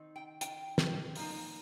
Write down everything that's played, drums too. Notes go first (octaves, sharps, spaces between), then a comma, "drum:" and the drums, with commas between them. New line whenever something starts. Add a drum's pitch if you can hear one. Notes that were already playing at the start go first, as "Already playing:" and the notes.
Already playing: D#3 C4 D#4
G5
G5, drum: hi-hat
drum: snare
F3 A#3 D#4, drum: open hi-hat